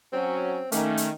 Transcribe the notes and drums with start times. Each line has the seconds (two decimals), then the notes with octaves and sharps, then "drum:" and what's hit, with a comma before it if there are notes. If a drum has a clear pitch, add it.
0.13 F#3 C4 C#4
0.72 D#3 A3 A#3 C#4, drum: hi-hat
0.97 drum: hi-hat